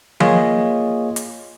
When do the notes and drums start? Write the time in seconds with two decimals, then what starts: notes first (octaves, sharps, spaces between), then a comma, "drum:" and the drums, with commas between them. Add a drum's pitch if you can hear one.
0.20 A#3 F4 G#4 C#5 D#5, drum: tom F3
1.16 drum: hi-hat